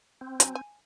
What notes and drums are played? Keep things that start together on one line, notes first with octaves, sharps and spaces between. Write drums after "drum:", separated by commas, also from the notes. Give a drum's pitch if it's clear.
C4
F#3 G#5, drum: hi-hat
G#5